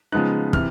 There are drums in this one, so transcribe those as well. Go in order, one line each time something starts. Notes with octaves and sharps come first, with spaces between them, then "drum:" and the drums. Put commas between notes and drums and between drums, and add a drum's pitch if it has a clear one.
C#3 F3 G#3 B3 D#4 F#6
C3 E3 F6, drum: kick